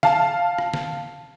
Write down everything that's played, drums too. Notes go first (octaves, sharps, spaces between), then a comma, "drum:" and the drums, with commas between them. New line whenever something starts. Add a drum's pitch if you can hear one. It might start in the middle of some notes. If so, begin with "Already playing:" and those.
F5 A5, drum: snare
drum: rim click
drum: snare